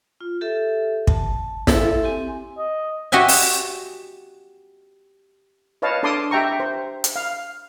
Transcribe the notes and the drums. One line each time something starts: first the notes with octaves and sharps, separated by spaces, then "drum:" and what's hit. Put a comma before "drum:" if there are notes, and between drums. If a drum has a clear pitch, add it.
F4
G4 A4 E5
A5, drum: kick
E4 A4 E5 C6, drum: snare
C4 G4 G#5 C6
D#5
F#4 G4 D#5 E5 G#5
drum: open hi-hat
B4 C#5 D#5 F5 A5
D4 A4 A5 C6 D6 D#6
G4 E5 G5 A#5 C#6
C5
drum: hi-hat
F5